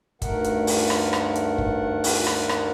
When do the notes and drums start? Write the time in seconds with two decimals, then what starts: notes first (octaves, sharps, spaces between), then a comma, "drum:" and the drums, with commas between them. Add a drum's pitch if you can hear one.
0.22 D2 G2 D#3 A3 A#4 F#5, drum: kick, hi-hat
0.44 drum: hi-hat
0.67 drum: open hi-hat
0.90 drum: rim click
1.13 drum: rim click
1.35 drum: hi-hat
1.58 drum: kick
2.04 drum: open hi-hat
2.27 drum: rim click
2.49 drum: rim click